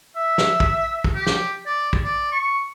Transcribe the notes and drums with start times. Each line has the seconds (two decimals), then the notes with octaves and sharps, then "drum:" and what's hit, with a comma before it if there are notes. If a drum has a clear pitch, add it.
0.16 E5
0.38 drum: snare
0.60 drum: kick
1.04 drum: kick
1.15 G4
1.27 drum: snare
1.66 D5
1.93 drum: kick
2.04 D5
2.32 C#6